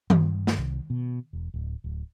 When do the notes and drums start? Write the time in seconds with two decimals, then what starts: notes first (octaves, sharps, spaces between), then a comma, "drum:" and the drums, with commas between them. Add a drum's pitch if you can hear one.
0.10 G2, drum: tom D#3
0.47 drum: snare
0.57 C2
0.90 B2
1.33 E1
1.54 D1
1.84 D1